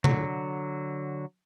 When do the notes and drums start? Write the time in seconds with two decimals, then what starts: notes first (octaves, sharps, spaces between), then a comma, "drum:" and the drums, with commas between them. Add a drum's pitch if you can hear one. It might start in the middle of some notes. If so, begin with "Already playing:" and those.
0.04 D3 F#3, drum: tom C3